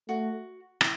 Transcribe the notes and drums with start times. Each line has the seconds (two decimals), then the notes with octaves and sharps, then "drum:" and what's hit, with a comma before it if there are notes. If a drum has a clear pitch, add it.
0.08 A3 F#4
0.81 E4, drum: rim click